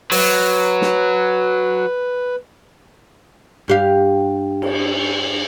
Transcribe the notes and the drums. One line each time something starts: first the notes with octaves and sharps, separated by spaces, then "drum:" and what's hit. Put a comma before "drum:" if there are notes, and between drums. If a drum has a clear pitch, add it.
F#3 B4, drum: open hi-hat
drum: snare
G2 G4 F5
drum: cymbal